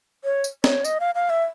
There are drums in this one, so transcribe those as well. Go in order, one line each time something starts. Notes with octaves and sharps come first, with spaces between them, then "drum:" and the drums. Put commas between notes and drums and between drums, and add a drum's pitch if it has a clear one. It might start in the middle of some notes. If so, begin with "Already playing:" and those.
C#5
drum: tambourine
C#5, drum: snare
D#5, drum: tambourine
F5
F5
E5